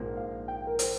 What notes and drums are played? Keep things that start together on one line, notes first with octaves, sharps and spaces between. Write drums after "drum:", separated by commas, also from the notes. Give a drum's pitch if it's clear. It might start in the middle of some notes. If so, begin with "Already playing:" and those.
Already playing: A#1 G#2 F3 A#3
F5
G5
A#4
C5, drum: hi-hat